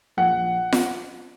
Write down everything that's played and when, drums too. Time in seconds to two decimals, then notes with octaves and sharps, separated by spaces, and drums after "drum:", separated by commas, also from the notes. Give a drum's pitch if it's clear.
0.17 A#1 F#5
0.73 drum: snare F4